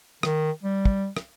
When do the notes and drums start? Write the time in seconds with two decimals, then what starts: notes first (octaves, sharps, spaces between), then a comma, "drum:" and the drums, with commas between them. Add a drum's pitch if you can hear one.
0.23 D#3, drum: rim click
0.63 G3
0.85 drum: kick
1.17 drum: rim click